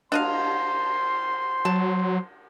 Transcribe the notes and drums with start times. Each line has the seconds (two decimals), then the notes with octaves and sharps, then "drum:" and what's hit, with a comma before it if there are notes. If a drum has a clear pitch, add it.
0.12 D4 C5 D#5 F5 C6, drum: cymbal
1.65 F#3 A5